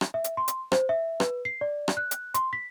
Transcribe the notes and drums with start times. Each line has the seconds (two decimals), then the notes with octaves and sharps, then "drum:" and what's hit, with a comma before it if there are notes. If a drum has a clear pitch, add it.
0.01 drum: rim click
0.14 E5
0.24 drum: hi-hat
0.37 C6
0.48 drum: hi-hat
0.72 C5, drum: rim click
0.89 E5
1.20 B4, drum: rim click
1.45 C7
1.61 D5
1.88 drum: rim click
1.97 F#6
2.11 drum: hi-hat
2.34 C6, drum: hi-hat
2.53 B6